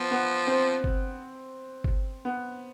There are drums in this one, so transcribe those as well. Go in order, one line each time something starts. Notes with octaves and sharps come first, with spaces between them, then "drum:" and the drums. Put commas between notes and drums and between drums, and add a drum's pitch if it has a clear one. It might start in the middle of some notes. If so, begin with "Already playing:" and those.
Already playing: F3 B3
B3
C4
drum: kick G1
drum: kick G1
B3